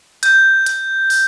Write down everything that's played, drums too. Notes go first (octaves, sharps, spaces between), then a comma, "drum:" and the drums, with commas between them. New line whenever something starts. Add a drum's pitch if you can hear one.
G6, drum: hi-hat
drum: hi-hat
drum: open hi-hat